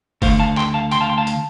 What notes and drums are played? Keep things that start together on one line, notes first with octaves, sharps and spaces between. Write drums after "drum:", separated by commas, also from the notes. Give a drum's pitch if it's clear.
D2 D3 A3 C5 F5, drum: kick F#1, open hi-hat
F5 A5
G5 C6, drum: clap
F5 A5
G5 C6, drum: hi-hat
F5 A5
G5 C6
F5 A5
drum: hi-hat